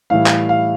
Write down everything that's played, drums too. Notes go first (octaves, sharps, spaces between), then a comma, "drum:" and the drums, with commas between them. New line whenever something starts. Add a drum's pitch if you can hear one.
A2 E3 G3 F5
drum: clap
F5